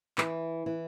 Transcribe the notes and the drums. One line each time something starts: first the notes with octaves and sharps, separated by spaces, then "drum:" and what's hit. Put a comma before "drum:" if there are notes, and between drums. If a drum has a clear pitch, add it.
E3, drum: clap
E3